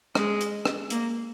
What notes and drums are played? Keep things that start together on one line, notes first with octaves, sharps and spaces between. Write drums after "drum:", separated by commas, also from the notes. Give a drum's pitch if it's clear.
G#3, drum: rim click
drum: hi-hat
drum: rim click
A#3, drum: hi-hat